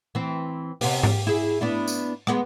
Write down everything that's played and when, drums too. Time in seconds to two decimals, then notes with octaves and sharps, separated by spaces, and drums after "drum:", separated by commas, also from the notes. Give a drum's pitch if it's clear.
0.15 E3 C4
0.81 C3 B3 G4, drum: open hi-hat
1.03 G4, drum: tom G#2
1.27 E4 G#4
1.61 B3 D4 E4
1.88 drum: tambourine
2.27 G#3 B3, drum: rim click